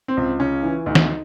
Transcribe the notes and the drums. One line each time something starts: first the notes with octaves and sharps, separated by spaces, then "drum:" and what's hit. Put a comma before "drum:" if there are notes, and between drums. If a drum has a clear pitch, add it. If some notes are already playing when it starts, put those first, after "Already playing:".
C4
C#2
C#3 C#4
E3
D2 D#4
drum: snare